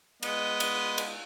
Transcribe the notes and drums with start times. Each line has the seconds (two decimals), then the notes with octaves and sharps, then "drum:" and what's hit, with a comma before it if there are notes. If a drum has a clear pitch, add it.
0.23 G#3 B3 D#5, drum: cymbal
0.60 drum: cymbal
0.98 drum: cymbal